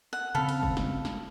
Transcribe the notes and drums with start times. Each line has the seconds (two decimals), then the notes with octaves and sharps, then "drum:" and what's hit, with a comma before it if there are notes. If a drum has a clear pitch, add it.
0.13 F#5
0.35 C#3 C4 A4 F5 B5
0.49 drum: cymbal
0.63 drum: kick
0.77 drum: snare
1.05 drum: snare